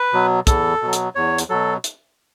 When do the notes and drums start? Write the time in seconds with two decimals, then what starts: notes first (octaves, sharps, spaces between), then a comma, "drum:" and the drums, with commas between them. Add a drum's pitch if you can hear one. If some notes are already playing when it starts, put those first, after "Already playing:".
Already playing: B4
0.13 B2 F#3
0.47 E2 A4, drum: kick, hi-hat
0.82 B2 F#3
0.93 drum: hi-hat
1.15 E2 C#5
1.38 drum: hi-hat
1.49 B2 F#3 A4
1.84 drum: hi-hat